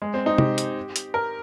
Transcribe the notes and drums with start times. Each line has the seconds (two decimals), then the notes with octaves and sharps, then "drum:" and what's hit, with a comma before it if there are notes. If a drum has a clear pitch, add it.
0.02 G#3
0.14 C4
0.26 D#4
0.38 G4, drum: tom
0.58 drum: hi-hat
0.96 drum: hi-hat
1.14 A#4